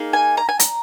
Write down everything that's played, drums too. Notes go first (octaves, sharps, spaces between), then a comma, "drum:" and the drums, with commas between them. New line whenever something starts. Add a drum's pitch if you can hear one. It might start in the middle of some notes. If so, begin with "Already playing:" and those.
Already playing: A#3 D#4 G#4
G#5
A#5
G#5
A#5, drum: hi-hat